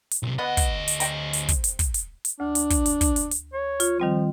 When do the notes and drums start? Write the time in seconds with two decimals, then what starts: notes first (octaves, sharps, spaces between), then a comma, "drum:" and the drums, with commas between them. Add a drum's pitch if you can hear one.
0.11 drum: hi-hat
0.23 B1 C3
0.39 D2 B3 D#5 F#5
0.57 drum: kick, hi-hat
0.88 drum: hi-hat
1.00 C3 G5 A#5, drum: hi-hat
1.33 drum: hi-hat
1.48 drum: kick, hi-hat
1.64 drum: hi-hat
1.79 drum: kick, hi-hat
1.94 drum: hi-hat
2.25 drum: hi-hat
2.40 D2 D4
2.55 drum: hi-hat
2.70 drum: kick, hi-hat
2.86 drum: hi-hat
3.01 drum: kick, hi-hat
3.16 drum: hi-hat
3.31 drum: hi-hat
3.54 C#5
3.80 F4, drum: hi-hat
4.00 D#3 F3 G3 C4